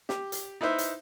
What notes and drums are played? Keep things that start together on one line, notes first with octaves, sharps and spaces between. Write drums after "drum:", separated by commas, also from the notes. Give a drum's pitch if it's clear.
G4, drum: snare
drum: hi-hat
D#4 E4 B4 C5 E5
drum: hi-hat